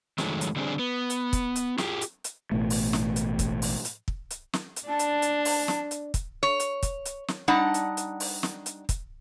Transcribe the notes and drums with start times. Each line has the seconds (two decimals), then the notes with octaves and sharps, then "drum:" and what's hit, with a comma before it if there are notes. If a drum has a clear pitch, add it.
0.18 F2 D#3 F#3 G#3 A3, drum: snare
0.41 drum: hi-hat
0.56 D3 G3 C4 D4 G#4
0.79 B3
1.10 drum: hi-hat
1.33 drum: kick, hi-hat
1.56 drum: hi-hat
1.78 F4 G4 G#4, drum: snare
2.01 drum: hi-hat
2.24 drum: hi-hat
2.52 A1 B2 A3
2.70 drum: open hi-hat
2.93 drum: snare
3.16 drum: hi-hat
3.39 drum: kick, hi-hat
3.62 drum: open hi-hat
3.85 drum: hi-hat
4.08 drum: kick
4.31 drum: hi-hat
4.53 drum: snare
4.76 drum: hi-hat
4.88 D4 A5
4.99 drum: hi-hat
5.22 drum: hi-hat
5.45 drum: open hi-hat
5.68 drum: snare
5.91 drum: hi-hat
6.14 drum: kick, hi-hat
6.43 C#5
6.60 drum: hi-hat
6.83 drum: kick, hi-hat
7.06 drum: hi-hat
7.28 drum: snare
7.48 G3 D4 D#4 F#5 A5
7.74 drum: hi-hat
7.97 drum: hi-hat
8.20 drum: open hi-hat
8.43 drum: snare
8.66 drum: hi-hat
8.89 drum: kick, hi-hat